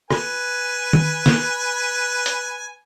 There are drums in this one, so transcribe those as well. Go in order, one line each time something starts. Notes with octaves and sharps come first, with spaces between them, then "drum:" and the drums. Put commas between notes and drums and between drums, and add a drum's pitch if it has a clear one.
B4 G#5, drum: rim click
drum: tom
drum: snare
drum: hi-hat